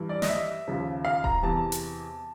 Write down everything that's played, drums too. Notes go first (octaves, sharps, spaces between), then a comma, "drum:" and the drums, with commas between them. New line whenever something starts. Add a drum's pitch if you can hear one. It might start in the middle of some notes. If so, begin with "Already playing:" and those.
Already playing: G2 E3
D5
D#5, drum: snare
E5
D#2 C#3 F3
F5
A#5, drum: kick D#1
E2 C3 E3 A5
drum: hi-hat